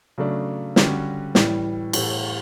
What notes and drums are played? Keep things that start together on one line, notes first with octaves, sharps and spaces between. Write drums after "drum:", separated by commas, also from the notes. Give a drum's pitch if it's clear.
C#3 F#3 A3 D4
D3 G3 C#4 F#4, drum: snare
A2 E3 G3, drum: snare
A2 E3 A3, drum: cymbal